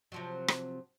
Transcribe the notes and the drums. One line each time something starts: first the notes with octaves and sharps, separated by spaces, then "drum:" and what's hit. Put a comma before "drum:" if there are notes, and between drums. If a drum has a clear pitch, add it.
C3 F3 F#3
drum: rim click